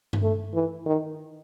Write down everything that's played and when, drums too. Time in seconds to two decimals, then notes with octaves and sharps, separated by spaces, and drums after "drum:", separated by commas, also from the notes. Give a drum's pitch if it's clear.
0.13 drum: tom G2
0.22 A3
0.54 E3
0.86 D#3